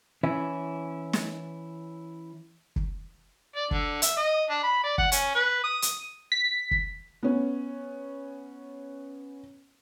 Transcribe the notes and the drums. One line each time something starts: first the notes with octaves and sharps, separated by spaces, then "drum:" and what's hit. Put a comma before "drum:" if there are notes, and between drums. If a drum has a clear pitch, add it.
E3 C#4 E4
drum: snare
drum: kick
D5
D3, drum: kick
E5, drum: hi-hat
D#5
D4
B5
D5
F#5, drum: kick
C#4, drum: hi-hat
B4
D#6
drum: hi-hat
B6
drum: kick
B3 C#4